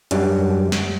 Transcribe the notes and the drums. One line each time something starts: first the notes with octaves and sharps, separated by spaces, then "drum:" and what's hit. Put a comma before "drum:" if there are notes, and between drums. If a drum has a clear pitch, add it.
F#2 F#3 G3 D4, drum: hi-hat
drum: snare